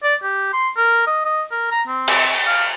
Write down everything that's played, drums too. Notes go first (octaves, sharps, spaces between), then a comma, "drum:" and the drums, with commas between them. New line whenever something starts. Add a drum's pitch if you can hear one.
D5
G4
C6
A#4
D#5
D#5
A#4
A#5
C4
drum: cymbal
F5